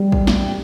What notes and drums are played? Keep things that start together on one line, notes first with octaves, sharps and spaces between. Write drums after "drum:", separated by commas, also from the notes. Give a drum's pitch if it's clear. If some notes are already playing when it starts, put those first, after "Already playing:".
Already playing: G3
drum: kick
drum: snare